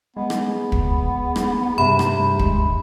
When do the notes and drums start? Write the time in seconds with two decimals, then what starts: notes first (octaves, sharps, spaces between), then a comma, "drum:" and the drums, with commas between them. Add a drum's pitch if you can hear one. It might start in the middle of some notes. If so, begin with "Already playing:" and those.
0.17 G#3 B3
0.30 drum: rim click
0.72 drum: kick
1.36 drum: rim click
1.78 G2 C3 B5
1.99 drum: rim click
2.39 G#3, drum: kick